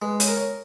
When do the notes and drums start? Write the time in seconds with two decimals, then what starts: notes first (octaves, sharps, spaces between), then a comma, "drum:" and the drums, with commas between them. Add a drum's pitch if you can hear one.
0.01 G#3 B4
0.20 C#5, drum: hi-hat
0.28 A#4
0.37 C#5